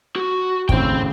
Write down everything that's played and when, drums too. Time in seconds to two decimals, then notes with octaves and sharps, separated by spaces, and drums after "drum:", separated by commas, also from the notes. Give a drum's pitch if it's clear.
0.16 F#4
0.69 G#1 A2 C#3 C5 G5, drum: kick